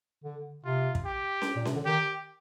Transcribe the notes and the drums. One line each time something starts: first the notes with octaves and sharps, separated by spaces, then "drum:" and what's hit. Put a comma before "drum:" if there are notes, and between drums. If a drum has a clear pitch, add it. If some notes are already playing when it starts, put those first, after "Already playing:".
D3
C3 F4
drum: kick
G4
drum: snare C#4
A#2
C3, drum: snare C#4
D3
D#3 G4